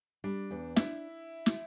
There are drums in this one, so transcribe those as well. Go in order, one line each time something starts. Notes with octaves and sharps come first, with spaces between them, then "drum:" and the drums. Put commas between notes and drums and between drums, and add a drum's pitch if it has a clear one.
G3 D4
E2
D4 E4, drum: snare
drum: snare